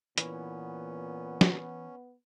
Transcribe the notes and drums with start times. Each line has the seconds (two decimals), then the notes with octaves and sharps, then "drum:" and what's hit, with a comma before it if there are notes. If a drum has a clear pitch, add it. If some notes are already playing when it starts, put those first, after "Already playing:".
0.18 A#2 E3 B3 C#4, drum: hi-hat
1.41 drum: snare